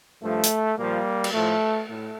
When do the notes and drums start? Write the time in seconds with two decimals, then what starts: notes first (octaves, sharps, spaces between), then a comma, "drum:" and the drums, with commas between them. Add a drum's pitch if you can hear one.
0.23 G2 F3 A3
0.44 drum: hi-hat
0.78 A#2 F3 G3 A#3
1.24 drum: cymbal
1.34 A2 F3 A3
1.89 A2 A3